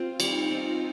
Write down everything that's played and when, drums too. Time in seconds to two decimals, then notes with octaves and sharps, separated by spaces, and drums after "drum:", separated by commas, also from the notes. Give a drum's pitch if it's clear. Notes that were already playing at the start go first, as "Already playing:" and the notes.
Already playing: C4 F4
0.20 G3 D#4, drum: cymbal
0.51 C4